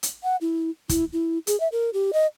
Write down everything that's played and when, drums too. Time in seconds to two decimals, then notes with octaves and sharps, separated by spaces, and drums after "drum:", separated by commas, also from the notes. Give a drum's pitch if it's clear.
0.03 drum: hi-hat
0.24 F#5
0.41 E4
0.89 E4, drum: kick, hi-hat
1.13 E4
1.47 G#4, drum: hi-hat
1.60 E5
1.72 A#4
1.94 G4
2.13 D#5